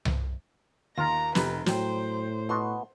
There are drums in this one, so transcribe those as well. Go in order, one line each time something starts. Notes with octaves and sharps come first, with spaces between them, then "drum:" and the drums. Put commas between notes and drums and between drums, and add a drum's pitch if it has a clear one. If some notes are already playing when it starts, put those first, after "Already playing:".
drum: tom C2
D#2 F4 A#4 A#5
F1 G4 B4, drum: snare
A2 F#3 C5 G5, drum: snare
B2 B3 F#4 C6